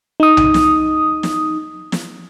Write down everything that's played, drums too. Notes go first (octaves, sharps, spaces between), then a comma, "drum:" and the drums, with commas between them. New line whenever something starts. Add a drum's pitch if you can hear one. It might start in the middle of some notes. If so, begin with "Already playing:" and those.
D#4 D#6
drum: tom B1
drum: snare
drum: snare
drum: snare